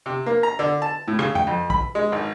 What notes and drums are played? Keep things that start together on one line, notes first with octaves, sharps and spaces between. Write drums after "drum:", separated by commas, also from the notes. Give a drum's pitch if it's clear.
C3
A#3
A#5
D3
A5
A2
C#3, drum: rim click
G5, drum: tom
F2
B5, drum: kick
G#3
G#1